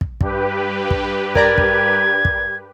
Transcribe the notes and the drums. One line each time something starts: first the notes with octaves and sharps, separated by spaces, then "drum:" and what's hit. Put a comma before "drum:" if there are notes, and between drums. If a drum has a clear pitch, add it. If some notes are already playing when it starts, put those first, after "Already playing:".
drum: kick
G2 G4 B4, drum: kick
drum: kick
A#4 D5 A#5 G#6, drum: kick
drum: kick
drum: kick